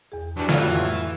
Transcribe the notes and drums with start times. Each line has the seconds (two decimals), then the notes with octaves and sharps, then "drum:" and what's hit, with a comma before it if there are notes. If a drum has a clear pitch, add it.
0.12 E2 G#4
0.37 E3 F#3 G3 D4
0.49 F2 A2 E3 F#3 F4 A4, drum: snare
0.74 G4 C6 C#6